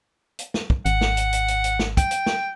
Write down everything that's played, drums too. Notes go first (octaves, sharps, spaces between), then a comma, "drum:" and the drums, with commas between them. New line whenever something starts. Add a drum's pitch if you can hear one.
drum: hi-hat
drum: snare
drum: kick
G#1 F#5, drum: hi-hat
drum: snare
drum: hi-hat
drum: hi-hat
drum: hi-hat
drum: hi-hat
drum: snare
G5, drum: kick, hi-hat
drum: hi-hat
drum: snare